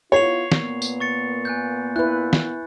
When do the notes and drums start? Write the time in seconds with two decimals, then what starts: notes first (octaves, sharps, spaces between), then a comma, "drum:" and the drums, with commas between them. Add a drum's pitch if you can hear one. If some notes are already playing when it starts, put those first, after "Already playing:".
0.12 B3 E4 F4 C#5 C#6 C7 F7
0.52 A#2 A#3 B3, drum: snare
0.82 drum: tambourine
1.00 C#6 A6 C#7
1.45 G#5 F#6 G6
1.96 E4 B4 F#6
2.33 drum: snare